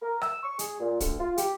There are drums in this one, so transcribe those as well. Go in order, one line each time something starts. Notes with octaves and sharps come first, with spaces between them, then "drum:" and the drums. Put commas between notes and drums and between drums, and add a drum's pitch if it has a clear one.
A#4
E6, drum: rim click
C#6
G#4, drum: hi-hat
A#2
D2, drum: kick, hi-hat
F4
G4, drum: hi-hat